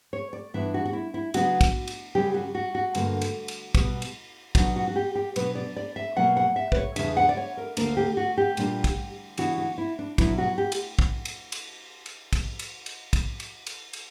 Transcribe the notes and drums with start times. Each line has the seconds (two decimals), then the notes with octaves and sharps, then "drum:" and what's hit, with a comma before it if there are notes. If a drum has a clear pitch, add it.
0.13 C#5
0.33 D5
0.54 G2 E3 B3 D4 E5
0.74 F#4
0.85 F#4
0.93 E4
1.14 E4
1.34 C#3 F#3 B3 D4 F#4, drum: cymbal
1.61 drum: kick, cymbal
1.88 drum: cymbal
2.15 F#2 C#3 G3 C#4 G4
2.34 F#4
2.55 F#4
2.75 F#4
2.95 G2 D3 A#3 D4, drum: cymbal
3.21 drum: cymbal
3.48 drum: cymbal
3.75 B2 G3 B3, drum: kick, cymbal
4.02 drum: cymbal
4.55 B2 F#3 B3 D4 F#4, drum: kick, cymbal
4.76 F#4
4.88 F#4
4.96 G4
5.15 G4
5.36 B2 F#3 B3 D4 B4, drum: cymbal
5.55 D5
5.76 D5
5.96 E5
6.16 B2 F#3 A#3 F#5
6.37 F#5
6.56 E5
6.72 B4, drum: kick
6.77 C#5
6.96 E2 C#3 G3 B3 D4 E5, drum: cymbal
7.17 F#5
7.29 D5
7.37 C#5
7.57 A#4
7.77 D2 D3 A#3 D4 A#4, drum: cymbal
7.97 G4
8.17 F#4
8.38 G4
8.57 A#2 G3 A#3 D4, drum: cymbal
8.84 drum: kick, cymbal
9.38 C#3 E3 B3 D4 F#4, drum: cymbal
9.58 F#4
9.78 E4
9.99 D4
10.18 B2 F#3 B3 D4 E4, drum: kick, cymbal
10.38 F#4
10.58 G4
10.72 drum: cymbal
10.99 drum: kick
11.25 drum: cymbal
11.52 drum: cymbal
12.06 drum: cymbal
12.33 drum: kick, cymbal
12.59 drum: cymbal
12.86 drum: cymbal
13.13 drum: kick, cymbal
13.40 drum: cymbal
13.67 drum: cymbal
13.93 drum: cymbal